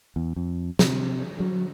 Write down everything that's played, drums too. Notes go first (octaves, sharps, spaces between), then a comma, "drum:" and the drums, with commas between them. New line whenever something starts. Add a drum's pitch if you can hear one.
E2
F2
C3, drum: snare
F#3